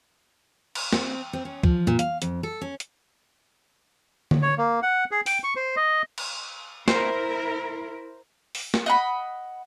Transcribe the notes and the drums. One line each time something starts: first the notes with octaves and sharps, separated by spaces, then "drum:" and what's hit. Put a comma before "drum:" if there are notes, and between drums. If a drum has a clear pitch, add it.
drum: cymbal
C4, drum: snare
C4
C#4
F3, drum: kick
A#2
F5, drum: hi-hat
F2, drum: hi-hat
A4
C#4
drum: hi-hat
drum: tom D3
C#5
A#3
F#5
G#4
G5, drum: open hi-hat
C#6
C5
D#5
drum: cymbal
E4 A#4 C5, drum: snare
drum: open hi-hat
drum: snare
D#5 F#5 B5